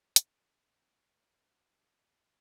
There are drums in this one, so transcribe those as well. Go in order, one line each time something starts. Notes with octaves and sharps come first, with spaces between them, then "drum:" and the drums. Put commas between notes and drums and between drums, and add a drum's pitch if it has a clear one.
drum: hi-hat
D3 F3 A3 C4
F4 A4 B4 A#5
D#4 F#4 A#4 C5 F#5
C#3 A#3 D4 E4 C5